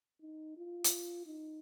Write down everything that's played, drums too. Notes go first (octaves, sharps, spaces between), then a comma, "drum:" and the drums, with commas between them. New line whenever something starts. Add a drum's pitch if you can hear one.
D#4
F4
drum: hi-hat
D#4